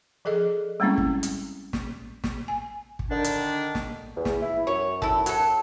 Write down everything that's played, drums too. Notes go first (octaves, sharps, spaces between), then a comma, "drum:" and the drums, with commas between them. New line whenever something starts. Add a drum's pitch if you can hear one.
F3 G#4 A4 D#5
G3 G#3 A#3 C4 C#4 E4
drum: kick
drum: hi-hat
drum: snare
drum: snare
G#5
drum: kick
D3 D#3 D4
drum: hi-hat
drum: snare
E2
drum: snare
E4
F#2 C#5
E4 A4, drum: kick
F#3 A4, drum: hi-hat